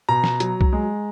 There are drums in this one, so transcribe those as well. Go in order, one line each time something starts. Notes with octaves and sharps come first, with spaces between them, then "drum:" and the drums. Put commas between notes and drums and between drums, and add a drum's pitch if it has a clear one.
B2 A#5
drum: snare
F#3, drum: hi-hat
drum: kick C2
G#3